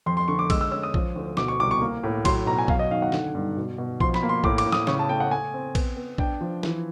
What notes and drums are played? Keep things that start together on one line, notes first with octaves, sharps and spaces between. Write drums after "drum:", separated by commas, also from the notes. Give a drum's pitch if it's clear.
F2 C6
C6
D3 C#6
D6
G#3 E6, drum: kick A#1, cymbal
E6
C#4 E6
D#6
F3, drum: kick A#1
D2
B2 D6, drum: snare
C#6
C2 D6
C#6
A#3
A2
F#3 C6, drum: kick A#1, cymbal
B2 A#5
G#5
F#2 F5, drum: kick A#1
D#5
D#3 F5
F#5
D3, drum: snare
G2
B2
B2
F3 C6, drum: kick A#1
B5, drum: snare
A#3
C6
A2 D6, drum: kick A#1
D6, drum: cymbal
A2
D#6, drum: snare
C#3 C#6, drum: snare
A5
A3 G5
F#5
A3 G#5
C4
B3, drum: kick A#1, cymbal
B3
D4 G5, drum: kick A#1
F3
E3, drum: snare